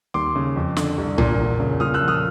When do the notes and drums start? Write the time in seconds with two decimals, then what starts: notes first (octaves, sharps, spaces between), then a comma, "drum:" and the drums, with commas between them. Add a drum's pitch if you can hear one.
0.14 D#2 C6 D6
0.35 C#3
0.56 F2
0.77 D3, drum: snare
0.97 C2
1.18 A#2, drum: tom B1
1.39 E2
1.60 C#3
1.80 A#2 D#6 F6
1.94 E6 F#6
2.01 F3
2.08 D#6 F6